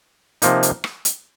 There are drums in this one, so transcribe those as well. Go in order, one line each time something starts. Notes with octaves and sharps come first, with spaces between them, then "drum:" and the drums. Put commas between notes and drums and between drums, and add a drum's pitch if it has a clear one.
C3 F3 A#3 D#4, drum: hi-hat
drum: hi-hat
drum: rim click
drum: hi-hat